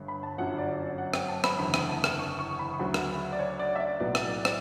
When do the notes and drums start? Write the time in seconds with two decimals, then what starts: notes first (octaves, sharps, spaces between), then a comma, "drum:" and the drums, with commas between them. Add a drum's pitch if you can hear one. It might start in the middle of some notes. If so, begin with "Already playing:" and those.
Already playing: G1 G2 D3
0.08 B5
0.23 A5
0.38 G1 F#2 D3 F#3 F#5
0.58 D5
0.78 D5
0.98 F#5
1.14 G5, drum: rim click
1.29 A5
1.44 B5, drum: rim click
1.59 F#1 E2 D3 B5
1.74 drum: rim click
1.89 A5
2.04 drum: rim click
2.19 C#6
2.39 C#6
2.59 B5
2.74 C#6
2.79 D2 C#3 F#3 C#4 B5
2.94 drum: rim click
3.32 D5
3.39 C#5
3.59 D5
3.76 E5
3.80 D5
4.00 B1 A2 F#3 B3 D5
4.15 drum: rim click
4.45 drum: rim click